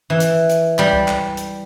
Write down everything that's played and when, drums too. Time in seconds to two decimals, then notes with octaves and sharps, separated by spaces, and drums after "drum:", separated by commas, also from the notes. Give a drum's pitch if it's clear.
0.10 E3
0.20 drum: hi-hat
0.49 drum: hi-hat
0.79 G3, drum: clap
0.93 drum: kick C#2
1.08 drum: clap
1.37 drum: hi-hat